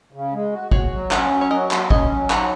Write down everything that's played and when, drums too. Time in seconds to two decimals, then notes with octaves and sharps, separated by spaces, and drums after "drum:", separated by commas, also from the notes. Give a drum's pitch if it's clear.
0.12 C#3
0.33 G#3
0.52 F#4
0.71 F#4 G#4 C#5, drum: kick G#1
0.92 F#3
1.11 C#4 C#5 F#5, drum: clap
1.31 F#3
1.41 C#5
1.51 F#4 A#4 D#5
1.71 F#3, drum: clap
1.91 C#4 D#5 G#5, drum: kick G#1
2.11 F#3
2.30 D#4 C#5 F#5, drum: clap